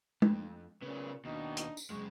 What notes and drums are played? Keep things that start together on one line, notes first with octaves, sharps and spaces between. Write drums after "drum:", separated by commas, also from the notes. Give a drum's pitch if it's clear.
F2, drum: tom G#3
A#2 C#3 B3 C#4
D#2 B2 D4 D#4
drum: hi-hat
drum: tambourine
F#2 C#3 G#3 C#6